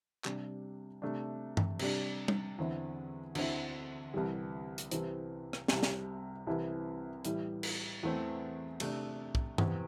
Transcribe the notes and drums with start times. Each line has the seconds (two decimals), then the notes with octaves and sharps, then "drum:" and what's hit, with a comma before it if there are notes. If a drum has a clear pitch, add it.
0.25 C3 G3 D4, drum: clap
1.02 C3 A3 D4
1.57 drum: tom G2
1.79 C3 G3 D4, drum: cymbal
2.28 drum: tom
2.58 E2 D3 C4 E4
3.35 D2 D3 C4 E4, drum: cymbal
4.14 C2 C3 E3 G3
4.78 drum: hi-hat
4.91 C2 C3 E3 C4, drum: hi-hat
5.53 drum: rim click
5.68 C2 C3 G3, drum: snare
5.83 drum: snare
6.47 C2 C3 E3 C4 E4
7.25 A2 E3 G3 E4, drum: hi-hat
7.63 drum: cymbal
8.03 E2 E3 A3 C4
8.80 C3 A3 D4, drum: cymbal
9.35 drum: kick
9.58 E2 C3 E3 C4, drum: tom G2